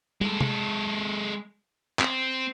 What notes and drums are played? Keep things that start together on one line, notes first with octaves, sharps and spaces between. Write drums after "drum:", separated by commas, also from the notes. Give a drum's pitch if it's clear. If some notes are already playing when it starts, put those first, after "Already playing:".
G#3 A4, drum: tom
drum: tom
C4, drum: clap